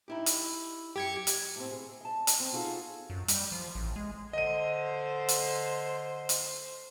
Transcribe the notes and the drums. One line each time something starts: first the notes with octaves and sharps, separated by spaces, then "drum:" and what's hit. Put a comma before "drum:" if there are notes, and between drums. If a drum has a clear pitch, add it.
D#4 E4 G4
drum: hi-hat
F#2 G4 G#6 C#7
drum: hi-hat
A2 C4
G#4
D#5 A5
drum: hi-hat
C4
D#4 F4 F#4 G#4 A4
F#2
G3, drum: hi-hat
F3
A1
G#3
D3 C5 D#5 D#7
drum: hi-hat
drum: hi-hat